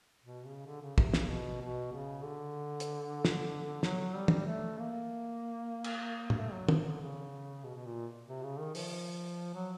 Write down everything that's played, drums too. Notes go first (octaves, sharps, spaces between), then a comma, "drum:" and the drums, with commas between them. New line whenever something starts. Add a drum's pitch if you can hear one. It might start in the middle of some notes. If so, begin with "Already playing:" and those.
B2
C#3
D3
C#3
C3, drum: kick
C#3, drum: snare
B2
B2
C#3
D3
drum: hi-hat
drum: snare
F#3, drum: snare
G3
drum: tom
A3
A#3
drum: cymbal
A#3, drum: tom
A3
F#3
F3, drum: tom
D3
C#3
B2
B2
A#2
C3
C#3
D#3
F3, drum: open hi-hat
F#3